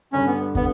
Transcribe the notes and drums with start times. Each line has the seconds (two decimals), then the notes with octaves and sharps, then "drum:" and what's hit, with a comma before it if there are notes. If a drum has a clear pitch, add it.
0.13 G2 D3 G3 C#4
0.27 B3
0.55 D3 G3 B3, drum: kick